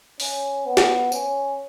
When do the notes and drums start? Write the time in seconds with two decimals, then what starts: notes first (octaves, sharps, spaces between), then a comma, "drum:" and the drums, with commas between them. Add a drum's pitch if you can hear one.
0.20 C#4, drum: open hi-hat
0.66 B3
0.77 drum: snare
1.12 C#4, drum: tambourine